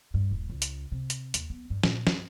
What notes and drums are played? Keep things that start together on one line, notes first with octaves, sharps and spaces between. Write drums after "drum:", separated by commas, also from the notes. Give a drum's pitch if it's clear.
G2
D#1
C#2
drum: hi-hat
C3
drum: hi-hat
D#2, drum: hi-hat
B3
G2
A#2, drum: snare
G2, drum: snare